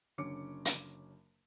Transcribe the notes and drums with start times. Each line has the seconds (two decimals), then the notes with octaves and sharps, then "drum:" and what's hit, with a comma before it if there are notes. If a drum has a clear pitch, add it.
0.18 F#1 D3 C#4 D6 C#7
0.65 drum: hi-hat